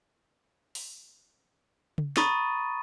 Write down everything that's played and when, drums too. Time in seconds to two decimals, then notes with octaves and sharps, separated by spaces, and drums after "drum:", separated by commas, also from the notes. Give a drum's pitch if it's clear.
0.75 drum: open hi-hat
1.98 drum: tom C#3
2.17 A#5 B5 C#6 D#6 A6 D#7, drum: snare